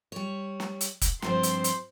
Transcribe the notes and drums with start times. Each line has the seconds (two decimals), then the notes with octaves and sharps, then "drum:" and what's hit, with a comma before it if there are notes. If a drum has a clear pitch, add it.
0.12 G3 C#5
0.60 drum: snare
0.81 drum: hi-hat
1.01 drum: kick, hi-hat
1.22 G2 F3 C4 C5 C6, drum: snare
1.43 drum: hi-hat
1.64 drum: hi-hat